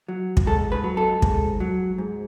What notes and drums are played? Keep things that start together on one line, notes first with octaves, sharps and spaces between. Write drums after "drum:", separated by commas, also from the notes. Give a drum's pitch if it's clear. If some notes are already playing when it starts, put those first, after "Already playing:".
F#3
drum: kick
G#2 A4
B4
F#3
A4
G#2, drum: kick
F#3
G#2